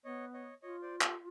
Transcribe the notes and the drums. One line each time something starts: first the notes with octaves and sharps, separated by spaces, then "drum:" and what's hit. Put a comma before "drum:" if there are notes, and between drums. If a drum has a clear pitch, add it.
B3 C#5 D#5
C#5 D#5
F4 C#5 D#5
C5 D5
G4 A4, drum: clap